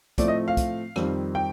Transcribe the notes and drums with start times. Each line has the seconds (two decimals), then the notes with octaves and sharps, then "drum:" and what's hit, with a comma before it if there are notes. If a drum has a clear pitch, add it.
0.18 A2 F3 A3 C4 D5, drum: kick, hi-hat
0.28 D#5
0.48 F5
0.57 drum: kick, hi-hat
0.96 F2 D#3 G3 C4, drum: rim click
1.35 G5